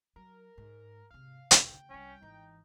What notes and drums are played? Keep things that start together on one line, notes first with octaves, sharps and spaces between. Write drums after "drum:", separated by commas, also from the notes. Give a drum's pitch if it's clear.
F#3 A#4
G#2
G#2 C3 F5
D2 C#3 G5, drum: hi-hat
C2 G3 C#4
G#1 E3 D#4